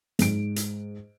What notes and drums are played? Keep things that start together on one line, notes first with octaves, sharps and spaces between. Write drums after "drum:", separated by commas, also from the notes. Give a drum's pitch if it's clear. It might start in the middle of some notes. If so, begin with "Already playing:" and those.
G#2 D7, drum: hi-hat
drum: hi-hat